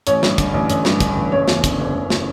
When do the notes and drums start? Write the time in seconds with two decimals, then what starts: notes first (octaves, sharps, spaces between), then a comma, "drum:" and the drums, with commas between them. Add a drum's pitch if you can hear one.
0.07 A1 C#5, drum: hi-hat
0.23 G2, drum: snare
0.38 D3, drum: kick, hi-hat
0.54 A1
0.70 A1, drum: hi-hat
0.85 G2, drum: snare
1.00 D3, drum: kick, hi-hat
1.16 A1
1.32 F#1 C#5
1.48 E2, drum: snare
1.64 D3, drum: kick, hi-hat
1.79 F#1
1.95 F#1
2.10 drum: snare